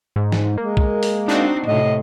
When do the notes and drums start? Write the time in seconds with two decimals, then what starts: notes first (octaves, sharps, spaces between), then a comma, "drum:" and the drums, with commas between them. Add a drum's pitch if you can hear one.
0.16 G#2
0.32 drum: snare
0.58 G#3 A#3
0.77 drum: kick B1
1.03 drum: open hi-hat
1.28 C4 D4 D#4 F#4
1.68 A2 C3 D#5